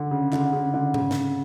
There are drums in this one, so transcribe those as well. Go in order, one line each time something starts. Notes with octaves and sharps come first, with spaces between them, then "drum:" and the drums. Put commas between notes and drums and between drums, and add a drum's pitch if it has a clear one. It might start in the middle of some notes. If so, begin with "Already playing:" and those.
Already playing: D3
C#3
D3, drum: clap
C#3
D3
C#3, drum: tom G#2
drum: snare